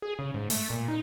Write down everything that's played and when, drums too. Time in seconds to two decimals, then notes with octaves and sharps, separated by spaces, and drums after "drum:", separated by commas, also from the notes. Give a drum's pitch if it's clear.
0.02 G#4
0.19 C#3
0.34 G#2
0.50 A3, drum: open hi-hat
0.70 A#2
0.88 D#4